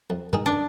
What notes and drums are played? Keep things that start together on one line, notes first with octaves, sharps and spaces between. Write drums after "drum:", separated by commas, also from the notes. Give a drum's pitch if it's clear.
F2
D#3 G#3 D#4 G#4, drum: tom
D4